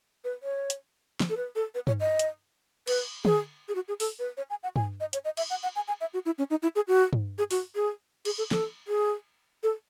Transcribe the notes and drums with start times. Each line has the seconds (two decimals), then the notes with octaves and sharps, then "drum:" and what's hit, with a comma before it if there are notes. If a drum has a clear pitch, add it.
0.24 B4
0.43 C#5
0.70 drum: hi-hat
1.20 drum: snare
1.30 A4
1.37 B4
1.56 A4
1.75 B4
1.87 C#5, drum: tom G2
2.00 D#5
2.19 drum: hi-hat
2.87 B4, drum: cymbal
3.25 G#4, drum: tom
3.68 G#4
3.75 F#4
3.88 G#4
4.00 A4, drum: open hi-hat
4.19 B4
4.37 C#5
4.50 G#5
4.63 F#5
4.76 G#5, drum: tom G2
5.00 D#5
5.13 C#5, drum: hi-hat
5.25 D#5
5.37 E5, drum: cymbal
5.50 F#5
5.63 F#5
5.76 G#5
5.88 G#5
6.01 E5
6.14 F#4
6.26 E4
6.38 C#4
6.50 D#4
6.63 E4
6.76 G#4
6.88 F#4
7.13 drum: tom G2
7.38 G#4
7.51 F#4, drum: open hi-hat
7.75 G#4
8.25 G#4, drum: cymbal
8.38 A4
8.51 A4, drum: snare
8.88 G#4
9.63 A4